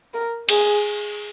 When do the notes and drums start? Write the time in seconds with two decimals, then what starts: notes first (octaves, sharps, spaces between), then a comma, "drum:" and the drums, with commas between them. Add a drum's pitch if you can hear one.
0.14 A#4
0.49 G#4, drum: cymbal